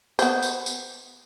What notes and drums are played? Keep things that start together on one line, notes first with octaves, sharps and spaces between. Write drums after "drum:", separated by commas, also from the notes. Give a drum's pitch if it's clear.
B3 C5, drum: tambourine
drum: tambourine
drum: tambourine